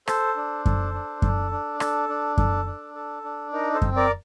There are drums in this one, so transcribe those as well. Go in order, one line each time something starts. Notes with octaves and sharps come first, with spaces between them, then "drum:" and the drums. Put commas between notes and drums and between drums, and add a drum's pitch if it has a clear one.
A4 C5, drum: rim click
D4
A4, drum: kick F#2
D4
A4, drum: kick F#2
D4
A4, drum: rim click
D4
A4, drum: kick F#2
D4
A4
D4
D#4 A#4
A4 C5
C4, drum: kick F#2
A#4 D5